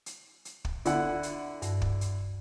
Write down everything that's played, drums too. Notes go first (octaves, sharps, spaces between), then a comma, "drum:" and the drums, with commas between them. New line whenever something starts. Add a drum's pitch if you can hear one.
drum: hi-hat
drum: hi-hat
drum: kick
D3 E4 F#5, drum: hi-hat
drum: hi-hat
G2, drum: hi-hat
drum: kick
drum: hi-hat